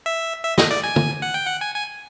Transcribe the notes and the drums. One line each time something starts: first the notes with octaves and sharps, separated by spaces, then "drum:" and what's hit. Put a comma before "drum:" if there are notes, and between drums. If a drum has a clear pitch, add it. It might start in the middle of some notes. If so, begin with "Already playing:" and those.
E5
E5
D#5, drum: snare
D5
G#5
drum: tom
F#5
G5
F#5
G#5
G#5